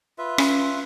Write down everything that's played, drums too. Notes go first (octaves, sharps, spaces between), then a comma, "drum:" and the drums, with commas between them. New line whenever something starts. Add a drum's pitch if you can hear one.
F4 B4 E5
C#4, drum: rim click